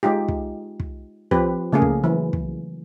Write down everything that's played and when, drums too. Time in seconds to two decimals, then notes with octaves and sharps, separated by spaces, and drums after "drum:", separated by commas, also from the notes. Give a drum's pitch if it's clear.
0.03 G#3 D#4 F4 G4
0.28 drum: kick
0.80 drum: kick
1.31 F3 C4 G4 B4, drum: kick
1.72 C#3 A3 A#3 G#4 A#4
1.82 drum: kick
2.04 E3 F#3
2.33 drum: kick